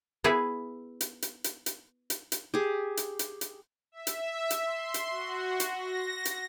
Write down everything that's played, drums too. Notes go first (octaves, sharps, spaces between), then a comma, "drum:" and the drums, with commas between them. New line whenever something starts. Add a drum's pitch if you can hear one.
B3 E4 G#4 B4
drum: hi-hat
drum: hi-hat
drum: hi-hat
drum: hi-hat
drum: hi-hat
drum: hi-hat
G4 G#4
drum: hi-hat
drum: hi-hat
drum: hi-hat
E5
drum: hi-hat
drum: hi-hat
C6
drum: hi-hat
F#4
drum: hi-hat
A#6
drum: hi-hat